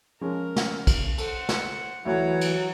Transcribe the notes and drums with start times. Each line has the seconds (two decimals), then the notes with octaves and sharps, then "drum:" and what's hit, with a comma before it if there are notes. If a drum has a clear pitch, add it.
0.21 F3 G#3 C#4 A#4
0.56 drum: snare
0.87 drum: kick, cymbal
1.18 A4 C5 F#5, drum: cymbal
1.49 drum: snare
2.05 D2 E3 F#3 E4 C#5
2.41 drum: cymbal